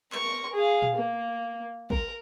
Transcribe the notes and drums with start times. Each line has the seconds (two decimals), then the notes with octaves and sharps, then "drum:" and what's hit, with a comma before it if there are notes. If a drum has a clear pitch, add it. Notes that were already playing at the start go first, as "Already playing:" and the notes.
0.12 A#4 C#6, drum: clap
0.53 G#4 F5
0.82 drum: tom A#2
0.95 A#3
1.90 A#4, drum: kick